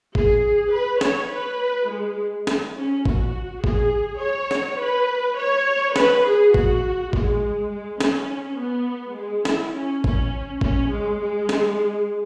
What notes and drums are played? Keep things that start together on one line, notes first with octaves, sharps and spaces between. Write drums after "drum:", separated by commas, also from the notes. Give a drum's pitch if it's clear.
G#4, drum: kick A1
B4
C#5, drum: snare
B4
G#3
drum: snare
C#4
F#4, drum: kick A1
G#4, drum: kick A1
C#5
drum: snare
B4
C#5
B4, drum: snare
G#4
F#4, drum: kick A1
G#3, drum: kick A1
G#3
C#4, drum: snare
B3
G#3
E4, drum: snare
C#4
C#4, drum: kick A1
C#4, drum: kick A1
G#3
G#3
drum: snare